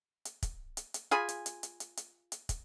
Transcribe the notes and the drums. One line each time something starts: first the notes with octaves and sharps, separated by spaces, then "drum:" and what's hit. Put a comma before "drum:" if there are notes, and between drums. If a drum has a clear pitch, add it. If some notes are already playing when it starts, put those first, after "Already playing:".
drum: hi-hat
drum: kick, hi-hat
drum: hi-hat
drum: hi-hat
F4 G#4 G#5 B5
drum: hi-hat
drum: hi-hat
drum: hi-hat
drum: hi-hat
drum: hi-hat
drum: hi-hat
drum: kick, hi-hat